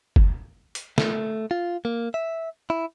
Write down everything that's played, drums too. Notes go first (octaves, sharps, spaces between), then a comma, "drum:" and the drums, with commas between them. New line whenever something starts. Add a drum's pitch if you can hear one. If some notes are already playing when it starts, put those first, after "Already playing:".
drum: kick F#1
drum: hi-hat
A3, drum: snare
F4
A#3
E5
E4